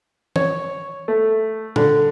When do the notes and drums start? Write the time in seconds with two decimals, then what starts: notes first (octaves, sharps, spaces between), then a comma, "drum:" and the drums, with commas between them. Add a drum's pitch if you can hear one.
0.36 C#5, drum: tom
1.08 A3
1.76 D3, drum: tom A#2